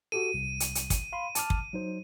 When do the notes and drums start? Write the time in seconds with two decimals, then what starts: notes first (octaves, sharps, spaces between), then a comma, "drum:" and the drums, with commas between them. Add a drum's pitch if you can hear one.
0.12 F#4 G4 A4 D#7
0.34 C2
0.60 drum: hi-hat
0.75 drum: hi-hat
0.90 drum: kick, hi-hat
1.13 F5 B5 C6
1.35 A5 D6 F6, drum: hi-hat
1.50 drum: kick
1.73 F#3 D#4 C5